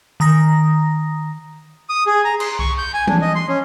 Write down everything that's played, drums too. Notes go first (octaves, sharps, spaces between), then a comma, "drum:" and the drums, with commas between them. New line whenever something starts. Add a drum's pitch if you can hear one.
D#3 A#5 D#6 A#6
D#6
G#4
A#5
C6, drum: cymbal
C#6, drum: kick C2
G6
G#5
D4, drum: tom E3
D#5
C6
C#4